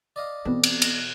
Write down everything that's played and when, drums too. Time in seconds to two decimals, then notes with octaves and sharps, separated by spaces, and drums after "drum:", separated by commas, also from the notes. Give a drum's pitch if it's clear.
0.16 D5 D#5 F5
0.45 B2 E3 B3 C4 A4
0.64 drum: cymbal
0.82 drum: cymbal